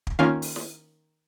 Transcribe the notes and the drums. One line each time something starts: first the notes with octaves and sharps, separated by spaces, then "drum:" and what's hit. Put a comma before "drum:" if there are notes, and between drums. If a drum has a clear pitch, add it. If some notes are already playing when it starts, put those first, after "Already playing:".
drum: kick
D#3 A#3 C#4 F4 F5
drum: open hi-hat
drum: snare